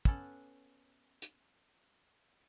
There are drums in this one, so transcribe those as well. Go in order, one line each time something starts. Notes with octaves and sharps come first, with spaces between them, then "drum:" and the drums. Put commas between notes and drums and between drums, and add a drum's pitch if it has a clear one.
B3 C#4 A4 F#5, drum: kick
drum: hi-hat